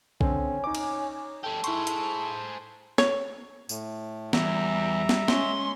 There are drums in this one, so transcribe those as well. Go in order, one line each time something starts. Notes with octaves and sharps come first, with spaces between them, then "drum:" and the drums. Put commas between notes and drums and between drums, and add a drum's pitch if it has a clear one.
D3 C4 C#4, drum: kick B1
D#4 C#5 D6
drum: cymbal
A3 G4 A4
E4 G#4 C5 C#6, drum: hi-hat
drum: hi-hat
C#5, drum: snare
A2, drum: tambourine
E2 G3 E5 A#5, drum: snare
drum: snare
G#3 C#4 C6, drum: snare